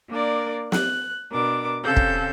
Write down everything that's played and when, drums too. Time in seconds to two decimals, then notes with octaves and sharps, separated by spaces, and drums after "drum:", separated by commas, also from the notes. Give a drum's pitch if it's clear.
0.10 A#3 D4 A#4 D5
0.72 F#6, drum: snare
1.31 B2 D4 A#4 D6
1.83 C3 C#4 A4 F5 G6
1.97 drum: kick